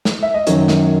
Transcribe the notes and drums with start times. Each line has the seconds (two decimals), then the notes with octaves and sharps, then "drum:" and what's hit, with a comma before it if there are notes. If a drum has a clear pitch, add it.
0.05 drum: snare
0.23 E5
0.34 D#5
0.47 F#2 D#3 F#3 C#5, drum: hi-hat
0.68 drum: snare